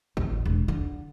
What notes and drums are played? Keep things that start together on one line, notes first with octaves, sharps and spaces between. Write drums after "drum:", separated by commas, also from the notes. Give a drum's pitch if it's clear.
A1, drum: kick
E1
D3